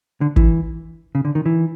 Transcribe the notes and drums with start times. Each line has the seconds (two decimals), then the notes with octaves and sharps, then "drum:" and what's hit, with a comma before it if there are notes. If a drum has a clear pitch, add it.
0.21 D3
0.36 E3, drum: kick
1.15 C#3
1.25 D3
1.35 D#3
1.46 E3